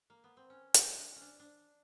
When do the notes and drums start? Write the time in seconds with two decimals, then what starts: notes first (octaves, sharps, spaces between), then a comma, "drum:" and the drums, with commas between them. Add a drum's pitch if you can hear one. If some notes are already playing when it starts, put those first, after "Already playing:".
0.10 A#3
0.24 B3
0.37 C4
0.50 C#4
0.74 D4, drum: hi-hat
0.98 D4
1.16 C#4
1.21 D4
1.40 D4